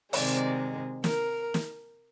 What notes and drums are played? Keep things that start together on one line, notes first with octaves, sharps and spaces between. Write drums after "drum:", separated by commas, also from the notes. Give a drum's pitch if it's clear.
C3 D#3 G#3 D5, drum: open hi-hat
A#4, drum: snare
drum: snare